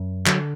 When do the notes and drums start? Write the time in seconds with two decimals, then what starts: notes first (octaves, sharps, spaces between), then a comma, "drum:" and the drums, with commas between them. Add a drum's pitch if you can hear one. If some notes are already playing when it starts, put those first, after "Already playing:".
Already playing: F#2
0.26 D3 F#3, drum: clap